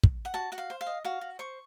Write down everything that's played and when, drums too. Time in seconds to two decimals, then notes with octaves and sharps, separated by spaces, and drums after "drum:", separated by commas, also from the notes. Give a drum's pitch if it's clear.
0.03 drum: kick
0.25 F#5
0.34 F#4 A5
0.52 F#4 F#5
0.58 F5
0.70 C5
0.81 F5
0.86 D#5
1.04 F#4 F5
1.21 F#4
1.39 C5 C#6